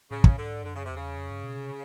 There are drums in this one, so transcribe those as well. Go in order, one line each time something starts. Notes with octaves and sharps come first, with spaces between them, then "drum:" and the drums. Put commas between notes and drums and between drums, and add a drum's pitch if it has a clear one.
A2 C#3
drum: kick
G#2 D3
F#2 D3
C#3
C3
E2
C#3
F2
G2
B2
C3